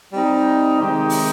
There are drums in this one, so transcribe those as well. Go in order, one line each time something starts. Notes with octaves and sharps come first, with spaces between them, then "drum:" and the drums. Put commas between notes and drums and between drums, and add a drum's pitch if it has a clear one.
G3 C4 D#4
C3 D#3 G#3 D#4 G4
drum: open hi-hat